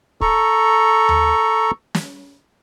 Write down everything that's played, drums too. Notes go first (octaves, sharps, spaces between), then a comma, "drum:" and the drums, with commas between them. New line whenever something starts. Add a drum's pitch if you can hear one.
A4 A#5 C#6, drum: kick
drum: tom D#2
drum: snare